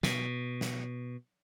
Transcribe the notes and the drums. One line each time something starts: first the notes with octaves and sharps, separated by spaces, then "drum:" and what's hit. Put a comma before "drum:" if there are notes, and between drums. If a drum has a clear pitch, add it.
B2, drum: snare
drum: snare